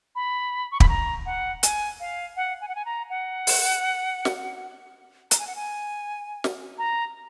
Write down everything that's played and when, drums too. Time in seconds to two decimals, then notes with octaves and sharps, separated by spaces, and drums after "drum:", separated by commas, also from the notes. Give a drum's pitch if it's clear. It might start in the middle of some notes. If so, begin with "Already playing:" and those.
0.15 B5
0.71 C#6
0.80 B5, drum: kick
0.89 A#5
1.26 F#5
1.63 G#5, drum: hi-hat
2.00 F5
2.37 F#5
2.61 G#5
2.68 F#5
2.75 G#5
2.85 A#5
3.10 F#5
3.47 drum: open hi-hat
4.25 drum: snare
5.31 A#5, drum: hi-hat
5.39 G#5
5.47 F#5
5.56 G#5
6.44 drum: snare
6.78 A#5